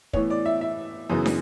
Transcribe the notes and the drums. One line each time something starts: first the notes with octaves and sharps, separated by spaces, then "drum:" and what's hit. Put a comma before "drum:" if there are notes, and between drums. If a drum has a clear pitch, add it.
A2 E3 B3 C#5, drum: kick
D5
E5
E5
F#2 C#3 E3 B3
drum: snare